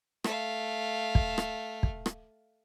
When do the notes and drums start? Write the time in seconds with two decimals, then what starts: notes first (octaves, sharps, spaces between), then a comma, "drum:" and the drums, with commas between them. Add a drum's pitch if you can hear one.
0.24 A3 F5, drum: rim click
1.15 drum: kick
1.38 drum: rim click
1.83 drum: kick
2.06 drum: rim click